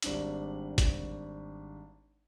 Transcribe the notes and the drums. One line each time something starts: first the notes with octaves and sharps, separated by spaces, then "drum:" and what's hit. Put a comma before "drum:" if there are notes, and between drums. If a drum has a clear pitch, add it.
G#1 G3 D4 F#7, drum: hi-hat
drum: kick, hi-hat